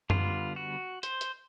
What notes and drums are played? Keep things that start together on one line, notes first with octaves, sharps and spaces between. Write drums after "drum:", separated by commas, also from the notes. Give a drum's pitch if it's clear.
D3 G3 B3 F4, drum: tom F#2
F#4
C5, drum: hi-hat
drum: hi-hat